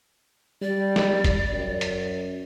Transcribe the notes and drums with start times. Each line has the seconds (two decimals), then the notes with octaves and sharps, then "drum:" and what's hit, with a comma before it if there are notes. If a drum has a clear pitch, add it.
0.62 G3 D5
0.96 drum: snare
1.24 drum: kick, hi-hat
1.53 F#2
1.81 drum: hi-hat